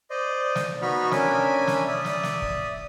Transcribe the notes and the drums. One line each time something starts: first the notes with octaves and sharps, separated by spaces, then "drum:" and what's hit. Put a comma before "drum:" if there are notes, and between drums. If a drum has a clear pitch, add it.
C5 D5 D#5
drum: snare
B3 D#4 F#4 B5 C#6 F6
C#4 D4 A#4 E5 G#5 B5, drum: snare
drum: snare
D5 E5 D#6
drum: snare
drum: snare
drum: kick